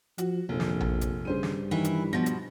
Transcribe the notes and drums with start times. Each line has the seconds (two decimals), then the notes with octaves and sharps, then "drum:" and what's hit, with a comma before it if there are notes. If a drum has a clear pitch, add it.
0.18 F3 F#4, drum: hi-hat
0.49 F1 A#1
0.60 drum: snare
0.80 drum: tom A#1
1.01 drum: hi-hat
1.25 G2 C#3 C5 D#7
1.43 drum: snare
1.71 D#3 E3 E4
1.84 drum: hi-hat
2.13 B2 F3 A#6
2.26 drum: hi-hat